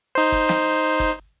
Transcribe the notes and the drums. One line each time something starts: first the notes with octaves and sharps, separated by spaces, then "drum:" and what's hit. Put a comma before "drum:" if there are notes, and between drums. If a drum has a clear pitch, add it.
D#4 C5
drum: kick, hi-hat
drum: snare
drum: kick, hi-hat